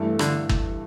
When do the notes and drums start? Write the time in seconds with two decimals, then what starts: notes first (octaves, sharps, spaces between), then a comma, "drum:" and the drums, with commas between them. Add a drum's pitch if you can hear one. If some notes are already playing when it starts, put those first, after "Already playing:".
Already playing: G2 E3 A3 E4 A4
0.19 D3, drum: rim click
0.49 drum: kick